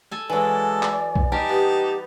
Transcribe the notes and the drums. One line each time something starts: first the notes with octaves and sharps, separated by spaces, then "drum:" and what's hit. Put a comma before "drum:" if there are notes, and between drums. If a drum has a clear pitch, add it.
A4 G#5
E3 F#3 G#3 A4 D5 G#5
drum: clap
drum: kick B1
G3 D#4 G4 A#4 A5
B3 G4